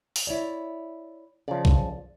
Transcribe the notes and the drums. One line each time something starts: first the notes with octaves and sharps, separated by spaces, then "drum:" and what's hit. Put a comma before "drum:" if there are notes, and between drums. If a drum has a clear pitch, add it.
drum: open hi-hat
E4 C#5 D5
C#3 F3 D5
drum: kick